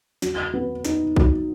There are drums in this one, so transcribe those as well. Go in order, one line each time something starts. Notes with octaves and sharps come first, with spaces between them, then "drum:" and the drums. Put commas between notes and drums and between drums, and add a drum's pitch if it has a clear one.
F#3, drum: snare
B3
D#4, drum: snare
F#3, drum: kick B1